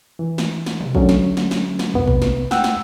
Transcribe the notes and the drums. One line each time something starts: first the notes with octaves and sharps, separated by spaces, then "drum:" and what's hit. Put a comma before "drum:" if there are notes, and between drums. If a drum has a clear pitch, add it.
E3
drum: snare
drum: snare
drum: tom B2
D3 F#3 A3 C#4, drum: kick
drum: snare
drum: snare
drum: snare
drum: snare
C2 C3 B3, drum: tom E2
drum: kick
drum: snare
F#5 G5 E6, drum: snare
drum: snare